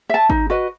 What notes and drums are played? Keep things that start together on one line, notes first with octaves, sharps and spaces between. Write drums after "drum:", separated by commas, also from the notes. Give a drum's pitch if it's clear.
E5 A5
D#4, drum: kick
F#4 B4 D#5